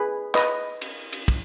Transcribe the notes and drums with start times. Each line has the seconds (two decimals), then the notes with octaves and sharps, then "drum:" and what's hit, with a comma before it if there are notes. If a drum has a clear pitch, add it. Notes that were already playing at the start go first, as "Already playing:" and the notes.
Already playing: G#4 B4
0.35 B4 D#5, drum: clap
0.81 drum: cymbal
1.13 drum: cymbal
1.28 drum: kick